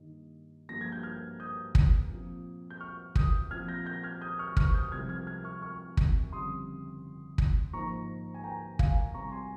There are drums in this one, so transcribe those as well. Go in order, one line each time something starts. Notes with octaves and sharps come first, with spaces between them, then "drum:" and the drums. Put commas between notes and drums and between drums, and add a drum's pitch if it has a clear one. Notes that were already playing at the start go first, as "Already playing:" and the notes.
Already playing: G2 D#3 A#3 D#4
G2 F3 A#3 A#6
G#6
G6
F6 G#6
D#6 G6
drum: kick
A#2 F3 C4 F4
G6
C#6 F6
D#6 G6, drum: kick
A#2 F3 C4 F4 F6 G#6
G6 A#6
G6 A#6
F6 G#6
D#6 G6
C#6 F6
C#6 F6, drum: kick
D#6 G6
C2 C3 F3 G#3 F6 G#6
F6 G#6
F6 G#6
C#6 F6
C#6 F6
drum: kick
G1 F2 C#3 G3 C4 C6 D#6
drum: kick
G#2 F3 A#3 D#4 A#5 C#6
G#5
G5 A#5
F5 G#5, drum: kick
C2 C3 G3 A#5 C#6
G#5 C6